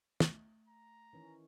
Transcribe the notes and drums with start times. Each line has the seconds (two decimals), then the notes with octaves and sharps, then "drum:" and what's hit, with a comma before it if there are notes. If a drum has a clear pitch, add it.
0.20 A3, drum: snare
0.68 A#5
1.13 D#3 E3 C#4